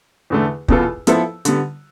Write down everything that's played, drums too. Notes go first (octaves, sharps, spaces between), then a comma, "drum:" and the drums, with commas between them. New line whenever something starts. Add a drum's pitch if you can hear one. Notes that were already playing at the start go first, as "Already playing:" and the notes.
E2 D3 A3
E2 B2 B3 F4 A4, drum: kick
F3 B3 E4 A4 C5, drum: hi-hat
D3 G3 B3, drum: hi-hat